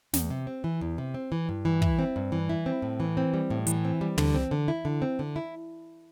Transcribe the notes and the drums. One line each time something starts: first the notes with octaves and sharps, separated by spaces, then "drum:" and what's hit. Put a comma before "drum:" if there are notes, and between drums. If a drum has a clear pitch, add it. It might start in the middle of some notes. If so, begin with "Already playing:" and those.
E2, drum: snare
C3
C4
E3
E2
C3
C4
E3
G2
E3
E4, drum: kick
C4
G2
E3
E4
C4
A2
E3
C4
G3
A2
E3, drum: hi-hat
C4
G3
D3, drum: tom
C4
D3
E4
D3
C4
D3
E4